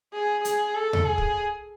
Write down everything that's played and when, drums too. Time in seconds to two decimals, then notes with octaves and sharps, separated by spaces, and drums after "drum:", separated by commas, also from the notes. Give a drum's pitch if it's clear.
0.13 G#4
0.45 G#4, drum: hi-hat
0.76 A4
0.93 drum: tom E2
1.06 G#4
1.18 drum: kick